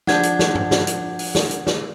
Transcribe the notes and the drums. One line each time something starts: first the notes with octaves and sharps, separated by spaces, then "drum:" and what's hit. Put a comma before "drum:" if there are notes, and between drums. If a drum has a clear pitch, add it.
F3 D4 F#5 G6 G#6, drum: snare
drum: hi-hat
drum: snare
drum: tom G2
drum: snare
drum: hi-hat
drum: open hi-hat
drum: snare
drum: hi-hat
drum: snare